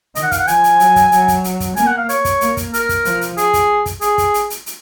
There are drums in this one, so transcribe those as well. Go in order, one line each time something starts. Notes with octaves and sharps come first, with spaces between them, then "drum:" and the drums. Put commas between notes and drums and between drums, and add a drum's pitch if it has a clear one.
D#3 D#5, drum: hi-hat
F#5
F5, drum: kick, hi-hat
F#5
F3 G#5, drum: hi-hat
drum: hi-hat
F#3, drum: hi-hat
drum: kick, hi-hat
F#3, drum: hi-hat
drum: kick, hi-hat
drum: hi-hat
drum: kick, hi-hat
A#3 G#5, drum: hi-hat
F#5
F5
C#5, drum: hi-hat
drum: kick, hi-hat
A#3, drum: hi-hat
drum: kick, hi-hat
A#4, drum: hi-hat
drum: kick, hi-hat
F3, drum: hi-hat
drum: hi-hat
G#4, drum: hi-hat
drum: kick, hi-hat
drum: kick, hi-hat
G#4, drum: hi-hat
drum: kick, hi-hat
drum: hi-hat
drum: hi-hat
drum: hi-hat